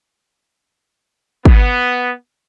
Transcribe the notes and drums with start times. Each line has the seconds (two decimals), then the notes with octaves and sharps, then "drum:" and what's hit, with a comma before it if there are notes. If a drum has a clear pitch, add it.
1.45 B3, drum: kick